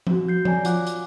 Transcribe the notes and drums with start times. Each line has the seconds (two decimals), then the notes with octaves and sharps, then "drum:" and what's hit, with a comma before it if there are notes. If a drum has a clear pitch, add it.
0.07 C4 F#4, drum: tom F3
0.28 G6 C7
0.45 C#5 D5 G#5 A#5, drum: tom F3
0.65 F4 F#5 D6 F#6, drum: hi-hat
0.87 drum: hi-hat